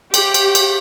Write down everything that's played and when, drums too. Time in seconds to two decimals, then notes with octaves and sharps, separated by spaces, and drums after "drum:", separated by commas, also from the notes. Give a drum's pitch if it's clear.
0.14 G4, drum: cymbal
0.34 drum: cymbal
0.55 drum: cymbal